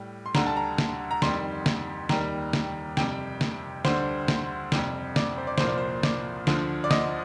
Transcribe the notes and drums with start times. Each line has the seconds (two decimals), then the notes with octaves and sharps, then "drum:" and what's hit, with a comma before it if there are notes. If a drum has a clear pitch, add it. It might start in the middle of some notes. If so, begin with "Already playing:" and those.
Already playing: A2 G3
0.26 C6
0.35 D2 D3 G3 A#5, drum: snare
0.47 A5
0.57 A#5
0.78 drum: snare
1.11 A#5
1.22 F2 D#3 G3 C6, drum: snare
1.66 drum: snare
2.09 D#2 D#3 G3 A#5, drum: snare
2.53 drum: snare
2.97 F2 C3 G3 G5, drum: snare
3.41 drum: snare
3.85 D2 D3 G3 C5, drum: snare
4.28 drum: snare
4.72 F2 C3 G3, drum: snare
5.16 D5, drum: snare
5.38 C5
5.47 D5
5.58 C2 A#2 F3 C5, drum: snare
5.67 D5
5.77 C5
6.03 D5, drum: snare
6.47 D2 D3 F3, drum: snare
6.84 D5
6.91 D#5, drum: snare